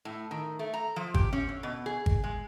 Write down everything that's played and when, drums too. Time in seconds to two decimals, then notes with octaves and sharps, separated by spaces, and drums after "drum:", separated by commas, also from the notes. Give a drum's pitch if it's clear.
0.05 A2
0.31 D#3
0.59 A3
0.74 A#5
0.96 F3
1.14 G4, drum: kick G#1
1.33 C#4
1.49 D3
1.63 B2
1.86 G#4
2.06 drum: kick G#1
2.24 G#3